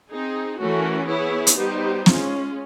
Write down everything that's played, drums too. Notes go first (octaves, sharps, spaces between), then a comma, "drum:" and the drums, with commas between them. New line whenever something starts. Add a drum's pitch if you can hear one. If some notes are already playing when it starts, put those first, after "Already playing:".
C4 D#4 G#4
E3 A3 C#4 F#4 A#4
B3 E4 G#4 C#5
drum: hi-hat
G3 B3 D#4 G4 C5
G#3 C#4 F4, drum: snare